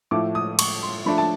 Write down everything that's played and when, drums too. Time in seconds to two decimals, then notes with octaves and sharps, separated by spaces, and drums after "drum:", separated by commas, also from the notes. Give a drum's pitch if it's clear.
0.11 A2 F3 A3 D6
0.35 D#6
0.59 C#6, drum: cymbal
0.83 C6
1.06 F3 A3 D4 B5
1.18 A5